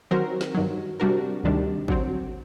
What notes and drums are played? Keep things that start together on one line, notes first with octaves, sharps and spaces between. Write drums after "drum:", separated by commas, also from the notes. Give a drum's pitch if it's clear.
D#3 F#3 C4 F#4 A#4
drum: snare
G2 D#3 F#3
C3 G3 D4 F#4 A#4
D2 C3 D#3 G3 D4
D3 F#3 C4, drum: kick